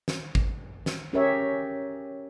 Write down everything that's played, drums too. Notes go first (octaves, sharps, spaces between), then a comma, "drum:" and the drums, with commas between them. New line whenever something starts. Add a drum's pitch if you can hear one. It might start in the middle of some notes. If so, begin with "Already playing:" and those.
drum: snare
drum: kick
drum: snare
C#4 G4 G#4 A#4 C#5 E5